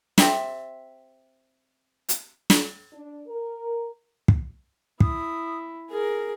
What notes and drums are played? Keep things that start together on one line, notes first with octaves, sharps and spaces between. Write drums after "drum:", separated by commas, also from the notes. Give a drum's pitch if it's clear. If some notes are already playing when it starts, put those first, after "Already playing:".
C4 G4 E5, drum: snare
drum: hi-hat
drum: snare
D4
A#4
drum: kick
E4 D#6, drum: kick
G#4 A#4